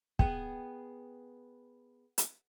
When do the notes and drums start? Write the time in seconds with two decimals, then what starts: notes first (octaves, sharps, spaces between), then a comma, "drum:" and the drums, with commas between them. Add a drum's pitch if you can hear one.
0.19 B3 G#4 F#5 G5, drum: kick
2.18 drum: hi-hat